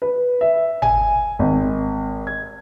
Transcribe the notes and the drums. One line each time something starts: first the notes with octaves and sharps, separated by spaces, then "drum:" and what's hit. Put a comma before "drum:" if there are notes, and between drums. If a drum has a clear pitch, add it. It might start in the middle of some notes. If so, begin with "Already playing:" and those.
B4
E5
G#5, drum: tom G1
G#1
G#6